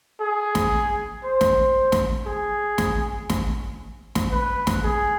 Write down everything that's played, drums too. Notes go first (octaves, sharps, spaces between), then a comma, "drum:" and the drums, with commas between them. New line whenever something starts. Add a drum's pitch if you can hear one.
G#4
drum: snare
C5
drum: snare
drum: snare
G#4
drum: snare
drum: snare
drum: snare
B4
drum: snare
G#4